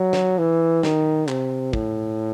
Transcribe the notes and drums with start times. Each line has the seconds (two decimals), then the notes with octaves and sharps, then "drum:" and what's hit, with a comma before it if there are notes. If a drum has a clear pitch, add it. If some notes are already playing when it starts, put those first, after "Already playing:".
Already playing: F#3
0.13 drum: snare
0.38 E3
0.83 D#3, drum: snare
1.29 C3, drum: clap
1.73 A2, drum: kick